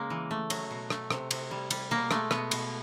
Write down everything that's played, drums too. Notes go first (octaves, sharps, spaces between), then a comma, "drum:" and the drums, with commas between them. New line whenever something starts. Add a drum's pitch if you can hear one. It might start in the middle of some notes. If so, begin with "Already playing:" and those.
Already playing: C#3 G#3 A#3
E3
A3
F#3, drum: cymbal
B2
A3, drum: rim click
C3, drum: rim click
C3, drum: cymbal
G3
G3, drum: cymbal
B2 A#3
G#3 A3, drum: rim click
B2 B3, drum: rim click
B2, drum: cymbal